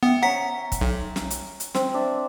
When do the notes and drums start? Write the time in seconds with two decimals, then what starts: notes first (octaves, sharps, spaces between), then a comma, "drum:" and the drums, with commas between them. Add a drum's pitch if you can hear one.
0.03 B3 E5 G5
0.23 C#4 F#5 A#5 B6
0.72 drum: kick, hi-hat
0.81 B1
1.16 drum: snare
1.30 drum: hi-hat
1.60 drum: hi-hat
1.75 C4, drum: snare
1.94 D4 E5